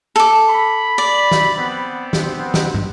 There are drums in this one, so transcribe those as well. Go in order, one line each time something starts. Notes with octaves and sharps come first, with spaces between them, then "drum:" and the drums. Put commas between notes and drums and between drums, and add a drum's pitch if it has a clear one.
A4 D6
B5
D5
drum: snare
B3 C4
drum: snare
drum: snare
drum: tom